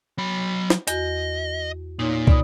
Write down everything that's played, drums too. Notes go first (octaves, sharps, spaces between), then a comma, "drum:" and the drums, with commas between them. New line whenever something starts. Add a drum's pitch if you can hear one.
F#3 B5
drum: snare
E2 F#4 D#5, drum: hi-hat
A#2 D#4 C#5
D5 B5 D#6, drum: kick